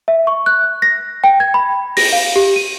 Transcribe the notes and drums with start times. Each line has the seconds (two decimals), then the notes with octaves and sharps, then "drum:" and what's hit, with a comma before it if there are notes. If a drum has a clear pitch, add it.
0.08 E5
0.27 C#6
0.46 F#6
0.82 A#6
1.24 G5
1.40 G#6
1.54 B5
1.97 A#6, drum: open hi-hat
2.13 F5
2.36 G4
2.56 D#7